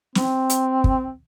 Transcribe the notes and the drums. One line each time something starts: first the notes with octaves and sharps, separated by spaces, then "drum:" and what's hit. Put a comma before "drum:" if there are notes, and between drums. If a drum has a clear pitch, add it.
C4, drum: snare
drum: hi-hat
drum: kick